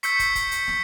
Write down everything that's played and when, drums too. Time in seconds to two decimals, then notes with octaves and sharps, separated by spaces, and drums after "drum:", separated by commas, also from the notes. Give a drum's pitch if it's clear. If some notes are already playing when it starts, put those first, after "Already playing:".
0.03 C#6 E6 G6 B6 C#7, drum: hi-hat
0.19 drum: kick, hi-hat
0.35 drum: kick, hi-hat
0.51 drum: hi-hat
0.67 drum: snare